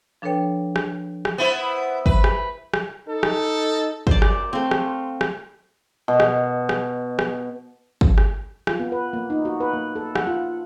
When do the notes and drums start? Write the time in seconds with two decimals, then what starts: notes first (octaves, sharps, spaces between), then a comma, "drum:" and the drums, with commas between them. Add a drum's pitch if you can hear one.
0.22 F3 D4 A4 B4 C#5 G5
0.76 drum: rim click
1.25 drum: rim click
1.38 B3 E4 C5
2.06 B4, drum: kick
2.24 drum: rim click
2.74 drum: rim click
3.08 D#4 A4
3.23 drum: rim click
4.07 F#2 C5 D5, drum: kick
4.22 drum: rim click
4.53 A3 C4 F5 C6
4.71 drum: rim click
5.21 drum: rim click
6.08 B2
6.20 drum: rim click
6.69 drum: rim click
7.19 drum: rim click
8.01 drum: kick
8.18 drum: rim click
8.67 F4, drum: rim click
8.80 B3
8.92 B4
9.13 A#3
9.30 D#4
9.45 F#4
9.60 B4
9.73 A#3
9.96 A4
10.16 F#5, drum: rim click
10.27 F4